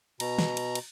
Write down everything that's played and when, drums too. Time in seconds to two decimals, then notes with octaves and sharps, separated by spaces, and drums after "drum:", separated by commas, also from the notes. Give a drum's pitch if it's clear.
0.20 B2 A#5, drum: cymbal
0.39 drum: snare
0.57 drum: cymbal
0.75 drum: cymbal